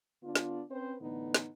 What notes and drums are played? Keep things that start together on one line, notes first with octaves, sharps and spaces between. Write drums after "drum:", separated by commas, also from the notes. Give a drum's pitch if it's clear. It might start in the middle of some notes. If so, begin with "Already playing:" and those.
D3 B3 D4 F4
drum: snare
C4 C#4 B4 C5
A2 D3 E3 B3 D#4
drum: snare